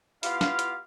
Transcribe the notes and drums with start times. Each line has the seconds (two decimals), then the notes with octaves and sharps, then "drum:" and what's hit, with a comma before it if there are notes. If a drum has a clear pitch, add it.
0.23 B3 E4 F4 G4 F5, drum: open hi-hat
0.41 drum: snare
0.59 drum: hi-hat